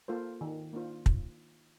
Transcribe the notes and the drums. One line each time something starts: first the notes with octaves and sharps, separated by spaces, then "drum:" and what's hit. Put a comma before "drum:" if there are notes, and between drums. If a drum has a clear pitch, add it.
A#3 F4 A4 C5
D#3
A#3 D4 F4 C5
drum: kick